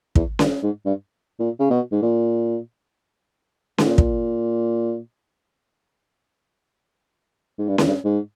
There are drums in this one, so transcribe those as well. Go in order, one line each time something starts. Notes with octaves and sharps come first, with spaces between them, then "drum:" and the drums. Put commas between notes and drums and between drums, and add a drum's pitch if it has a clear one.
E2, drum: kick
G2, drum: snare C#4
G#2
G2
A#2
C#3
B2
G#2
A#2
G#2, drum: snare C#4
A#2
drum: kick
G#2
G2
E2, drum: snare C#4
G2
G#2